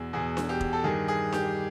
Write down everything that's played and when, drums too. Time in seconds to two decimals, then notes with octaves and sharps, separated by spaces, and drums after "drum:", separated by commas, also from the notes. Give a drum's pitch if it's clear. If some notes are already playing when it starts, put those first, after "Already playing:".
Already playing: E2 B2 G#4
0.13 E2 B2 G#4
0.37 drum: snare D4
0.49 G4
0.61 drum: kick F1
0.73 A4
0.84 G2 D#3 G#4
1.08 G#4
1.33 G4, drum: snare D4